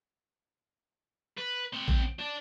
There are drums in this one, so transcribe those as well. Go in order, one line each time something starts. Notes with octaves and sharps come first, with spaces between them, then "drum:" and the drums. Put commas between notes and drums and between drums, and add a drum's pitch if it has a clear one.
B4
C4 F#5
drum: kick A1
D4